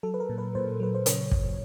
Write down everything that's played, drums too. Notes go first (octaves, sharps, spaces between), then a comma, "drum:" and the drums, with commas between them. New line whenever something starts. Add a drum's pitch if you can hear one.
F#3 A4
B4
A#4
A#2
B4
A#2 C5
F#3 B4
C5
C#3 C#5, drum: hi-hat
F#2, drum: kick